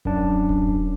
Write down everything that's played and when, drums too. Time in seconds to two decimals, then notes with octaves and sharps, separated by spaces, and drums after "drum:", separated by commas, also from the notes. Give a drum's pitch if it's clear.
0.05 F#2 D4, drum: kick D#1
0.49 drum: kick D#1